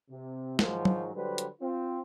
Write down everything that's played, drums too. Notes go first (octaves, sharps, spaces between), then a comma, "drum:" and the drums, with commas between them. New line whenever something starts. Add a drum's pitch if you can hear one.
C3
G#2 D#3 F3 F#3, drum: snare
drum: tom F#3
D3 F#3 G3 B4 C5
drum: hi-hat
C4 F4